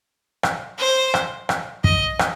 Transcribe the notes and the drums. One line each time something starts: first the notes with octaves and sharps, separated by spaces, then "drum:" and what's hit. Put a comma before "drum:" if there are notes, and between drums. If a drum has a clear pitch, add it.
drum: rim click
C5
drum: rim click
drum: rim click
D#5, drum: kick
drum: rim click